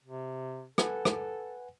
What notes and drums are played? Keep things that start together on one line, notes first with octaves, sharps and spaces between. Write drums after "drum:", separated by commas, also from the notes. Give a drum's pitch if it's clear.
C3
A4 B4 F#5 G#5, drum: rim click
drum: rim click